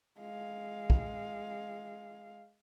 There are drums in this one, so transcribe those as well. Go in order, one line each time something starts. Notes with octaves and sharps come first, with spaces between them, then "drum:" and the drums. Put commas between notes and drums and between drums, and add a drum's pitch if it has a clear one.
G#3 F5
drum: kick